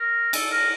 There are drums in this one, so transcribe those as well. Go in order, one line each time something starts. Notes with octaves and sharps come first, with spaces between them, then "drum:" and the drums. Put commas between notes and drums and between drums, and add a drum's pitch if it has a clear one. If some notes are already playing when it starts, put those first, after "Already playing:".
Already playing: A#4
A4, drum: cymbal
A#4